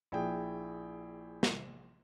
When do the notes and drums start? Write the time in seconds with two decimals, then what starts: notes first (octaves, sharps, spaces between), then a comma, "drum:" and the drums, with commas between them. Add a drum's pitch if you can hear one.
0.12 A#1 E4 G#4 G5
1.43 drum: snare